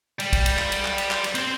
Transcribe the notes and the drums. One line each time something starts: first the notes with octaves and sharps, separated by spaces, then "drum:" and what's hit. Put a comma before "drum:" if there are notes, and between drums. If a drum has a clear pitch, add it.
G3, drum: cymbal
drum: kick, cymbal
drum: cymbal
drum: clap
drum: cymbal
drum: clap
drum: cymbal
drum: clap
drum: cymbal
C4 C5, drum: cymbal